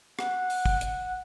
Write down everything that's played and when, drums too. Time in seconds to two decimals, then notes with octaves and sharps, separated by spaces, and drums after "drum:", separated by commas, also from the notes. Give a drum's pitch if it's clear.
0.19 F#5, drum: rim click
0.50 drum: open hi-hat
0.66 drum: kick
0.81 drum: hi-hat